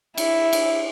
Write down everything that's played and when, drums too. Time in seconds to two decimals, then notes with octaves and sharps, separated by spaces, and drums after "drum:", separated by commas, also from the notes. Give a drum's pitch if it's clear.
0.18 E4, drum: cymbal
0.53 drum: cymbal